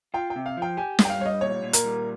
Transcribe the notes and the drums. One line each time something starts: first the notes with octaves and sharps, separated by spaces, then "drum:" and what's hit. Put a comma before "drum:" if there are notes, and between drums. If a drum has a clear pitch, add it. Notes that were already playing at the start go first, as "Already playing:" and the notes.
F4 G5
G5
C3
F5
F3 G5
G4 G#5
G2, drum: snare
G5
F5
G3 C#5
D#5
A#2 C#5
A#2
A#4, drum: hi-hat
G3